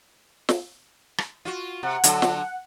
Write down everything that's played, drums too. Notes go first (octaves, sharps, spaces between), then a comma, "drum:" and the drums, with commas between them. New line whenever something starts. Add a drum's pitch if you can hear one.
drum: snare
drum: rim click
F4 F#4
C3 F#5
D3 F#3 A4, drum: hi-hat
drum: snare